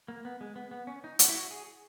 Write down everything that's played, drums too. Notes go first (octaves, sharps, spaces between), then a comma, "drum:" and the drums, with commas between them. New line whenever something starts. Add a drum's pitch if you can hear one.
A#3
B3
G#3
B3
B3
C#4
D#4
F#4, drum: hi-hat
E4
F#4
G#4